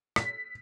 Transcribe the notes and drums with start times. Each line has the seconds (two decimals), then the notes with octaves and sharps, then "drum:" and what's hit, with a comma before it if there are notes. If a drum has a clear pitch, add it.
0.16 B6, drum: rim click